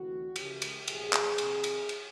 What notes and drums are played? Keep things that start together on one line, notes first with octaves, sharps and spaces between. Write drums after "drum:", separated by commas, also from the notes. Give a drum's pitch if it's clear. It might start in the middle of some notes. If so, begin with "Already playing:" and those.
Already playing: D2 C3 E3 G3 A#3 F#4
C#2 C#3 F3 G4, drum: cymbal
drum: cymbal
B1 A#2 F3 G#4, drum: cymbal
drum: clap
C2 C3 D#3 G3 A#3, drum: cymbal
drum: cymbal
drum: cymbal